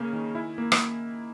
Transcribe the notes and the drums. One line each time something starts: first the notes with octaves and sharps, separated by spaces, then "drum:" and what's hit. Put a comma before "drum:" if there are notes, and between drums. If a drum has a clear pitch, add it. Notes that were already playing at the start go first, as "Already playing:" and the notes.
Already playing: C#3 A#3 C#4 G#5
D#3
E4
A#3
drum: rim click